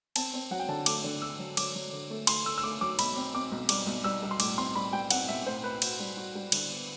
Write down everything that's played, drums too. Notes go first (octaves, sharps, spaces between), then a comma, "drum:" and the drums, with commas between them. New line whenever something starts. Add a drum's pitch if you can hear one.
C4 A5, drum: cymbal
C4
F#3 F#5
G5
D3 A5
A3 D6, drum: cymbal
D3
A3 E6
F#3
F#3 D6, drum: cymbal
F#3
D3
A3
A3 C6, drum: cymbal
A3 E6
E6
A3 D6
F#3 D6
B1 B5, drum: cymbal
C4
C4 D6
B1
G3 D6, drum: cymbal
B1
G3 E6
G3
C6
A2 D6, drum: cymbal
C4 C6
G3 B5
G3 G5
C4 F#5, drum: cymbal
B1 E5
A2 C5
A2 B4
F#4, drum: cymbal
G3
F#4
G3
D3, drum: cymbal
B3